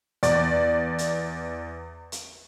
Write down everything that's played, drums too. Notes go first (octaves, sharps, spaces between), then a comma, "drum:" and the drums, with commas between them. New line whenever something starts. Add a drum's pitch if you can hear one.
E2 D5, drum: hi-hat
drum: hi-hat
drum: hi-hat